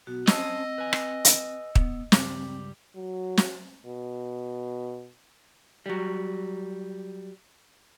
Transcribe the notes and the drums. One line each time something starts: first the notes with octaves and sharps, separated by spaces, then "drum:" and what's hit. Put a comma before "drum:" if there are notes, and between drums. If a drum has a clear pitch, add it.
B1 B3 F#4
C4 C#4 C5 D#5 A5 E6, drum: snare
B4 G#5
drum: rim click
drum: hi-hat
B3, drum: kick
C#2 G2 G3 C4 D6, drum: snare
F#3
drum: snare
B2
F#3 G3